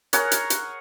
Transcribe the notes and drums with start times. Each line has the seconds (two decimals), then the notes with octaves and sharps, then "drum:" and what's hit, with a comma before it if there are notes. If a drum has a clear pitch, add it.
0.13 G#4 A#4 C#5 F#5, drum: hi-hat
0.32 drum: hi-hat
0.50 drum: hi-hat